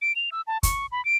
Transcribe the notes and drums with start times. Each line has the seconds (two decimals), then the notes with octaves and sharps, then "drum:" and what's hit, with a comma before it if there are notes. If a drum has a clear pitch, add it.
0.02 D7
0.16 F7
0.32 E6
0.47 A5
0.63 C#6, drum: kick, hi-hat
0.92 B5
1.05 D7